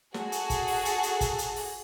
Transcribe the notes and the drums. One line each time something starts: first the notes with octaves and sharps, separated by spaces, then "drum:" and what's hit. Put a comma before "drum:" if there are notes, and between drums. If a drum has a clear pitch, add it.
F#4 G#4 A4, drum: snare
drum: hi-hat
drum: kick, hi-hat
drum: open hi-hat
drum: hi-hat
drum: hi-hat
drum: kick, hi-hat
drum: hi-hat
drum: open hi-hat